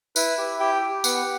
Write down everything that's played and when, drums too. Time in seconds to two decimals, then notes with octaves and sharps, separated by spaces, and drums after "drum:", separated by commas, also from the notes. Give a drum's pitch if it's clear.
0.16 E4 B4, drum: tambourine
0.38 G4
0.60 G4 G5
0.82 G4
1.04 B3 F#5, drum: tambourine